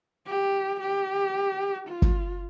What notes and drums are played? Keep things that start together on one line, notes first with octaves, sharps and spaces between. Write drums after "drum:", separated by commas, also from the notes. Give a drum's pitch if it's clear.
G4
G4
F4
drum: kick